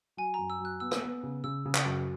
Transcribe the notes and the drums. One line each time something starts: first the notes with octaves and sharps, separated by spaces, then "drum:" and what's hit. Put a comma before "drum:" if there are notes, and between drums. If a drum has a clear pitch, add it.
F#3 G#5
F#2 A#5
E6
F#3 F#6
B3 E6
drum: rim click
B3
C#3
C#3 E6
C#3
drum: clap
F#2